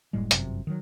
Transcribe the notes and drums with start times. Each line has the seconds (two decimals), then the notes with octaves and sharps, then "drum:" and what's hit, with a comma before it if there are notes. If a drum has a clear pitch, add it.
0.13 F#1 A2 G3 G#3
0.31 G1 F#2 C3, drum: hi-hat
0.67 D#3 F#3